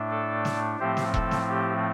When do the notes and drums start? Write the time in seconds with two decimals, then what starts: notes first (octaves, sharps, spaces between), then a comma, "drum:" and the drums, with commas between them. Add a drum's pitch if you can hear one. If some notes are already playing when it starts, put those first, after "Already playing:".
Already playing: A2 A3 D4
0.10 A4 D5
0.45 drum: snare
0.79 A2 F3 A3 C4 G4 C5
0.97 drum: snare
1.14 A4, drum: kick E1
1.31 drum: snare
1.49 G4